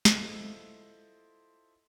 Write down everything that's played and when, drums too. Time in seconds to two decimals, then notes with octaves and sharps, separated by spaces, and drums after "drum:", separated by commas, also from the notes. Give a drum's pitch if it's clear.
0.05 E4 F4 A4 C5 D#5, drum: snare